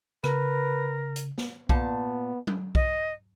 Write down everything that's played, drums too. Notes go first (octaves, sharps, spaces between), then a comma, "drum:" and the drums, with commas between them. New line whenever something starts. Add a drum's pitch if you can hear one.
C#3 A#4 B4, drum: rim click
drum: hi-hat
drum: snare
A#2 B3 A5, drum: kick B1
drum: tom F#3
D#5, drum: kick B1